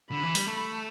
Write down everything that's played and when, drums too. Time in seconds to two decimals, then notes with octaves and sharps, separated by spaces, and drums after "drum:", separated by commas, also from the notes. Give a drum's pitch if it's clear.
0.11 D3 B5
0.23 E3
0.35 G3, drum: open hi-hat
0.47 A3